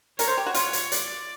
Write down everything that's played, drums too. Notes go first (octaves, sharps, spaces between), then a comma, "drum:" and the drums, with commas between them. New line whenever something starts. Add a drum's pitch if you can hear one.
A#4 C#5, drum: hi-hat
C5
G4
F#4
F4 C#5, drum: hi-hat
drum: hi-hat
D5, drum: hi-hat